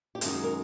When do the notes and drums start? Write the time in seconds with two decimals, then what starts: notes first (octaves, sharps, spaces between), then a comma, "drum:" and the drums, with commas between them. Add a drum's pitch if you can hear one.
0.15 G4
0.21 F#2 D#3 G#3 G#4, drum: hi-hat
0.44 A#4